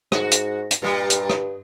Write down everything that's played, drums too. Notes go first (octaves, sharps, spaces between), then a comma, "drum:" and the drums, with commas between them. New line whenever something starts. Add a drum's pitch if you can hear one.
G#2 F#4, drum: rim click
drum: hi-hat
drum: hi-hat
G2 A#2 G3
drum: hi-hat
drum: rim click